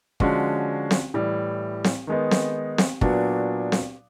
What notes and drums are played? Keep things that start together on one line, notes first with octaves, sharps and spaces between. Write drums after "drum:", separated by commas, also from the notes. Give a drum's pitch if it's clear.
D3 F3 G#3 C#4 F#4, drum: kick
drum: snare C4
A2 E3 G3
drum: snare C4
D#3 G#3 B3 D#4
drum: snare C4
drum: snare C4
A#2 F#3 B3 D4 F#4, drum: kick
drum: snare C4